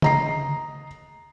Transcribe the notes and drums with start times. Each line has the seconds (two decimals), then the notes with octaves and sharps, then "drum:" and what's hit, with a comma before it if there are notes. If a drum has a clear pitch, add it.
0.02 D#5 A#5 C7, drum: tom C#3